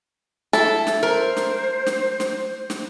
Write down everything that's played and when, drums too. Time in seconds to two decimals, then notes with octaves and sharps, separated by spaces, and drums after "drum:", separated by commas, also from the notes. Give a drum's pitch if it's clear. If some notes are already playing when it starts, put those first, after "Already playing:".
0.53 E4 A4, drum: snare
0.87 drum: snare
1.03 A#4 C5
1.37 drum: snare
1.86 drum: snare
2.20 drum: snare
2.70 drum: snare